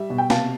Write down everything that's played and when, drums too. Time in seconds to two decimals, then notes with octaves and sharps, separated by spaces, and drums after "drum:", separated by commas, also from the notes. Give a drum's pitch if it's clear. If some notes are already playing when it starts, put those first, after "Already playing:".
Already playing: G3 E5
0.10 B2
0.18 G5
0.30 C3 F5 A5, drum: snare A#3